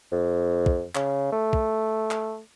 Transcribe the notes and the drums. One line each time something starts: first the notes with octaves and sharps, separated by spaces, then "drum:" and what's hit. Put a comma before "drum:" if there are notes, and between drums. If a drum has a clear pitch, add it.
F2
drum: kick
C#3, drum: clap
A3
drum: kick
drum: clap